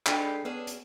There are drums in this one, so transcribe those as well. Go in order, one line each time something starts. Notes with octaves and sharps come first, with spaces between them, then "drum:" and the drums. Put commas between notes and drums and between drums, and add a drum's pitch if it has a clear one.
D3 G#3 D4 D#4 G4 B4 C7, drum: clap
B3 C#4 D4 G#4 E6
drum: hi-hat